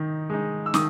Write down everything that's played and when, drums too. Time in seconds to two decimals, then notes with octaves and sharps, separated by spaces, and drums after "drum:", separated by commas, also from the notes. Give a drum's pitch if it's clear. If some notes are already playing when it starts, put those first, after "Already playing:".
Already playing: D#3 D#4
0.30 G#3 D#4
0.66 E6
0.74 D#3 D#6, drum: snare